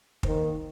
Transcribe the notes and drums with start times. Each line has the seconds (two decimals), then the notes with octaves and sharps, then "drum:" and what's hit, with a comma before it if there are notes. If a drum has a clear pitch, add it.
0.23 D#3 A#3 C5, drum: kick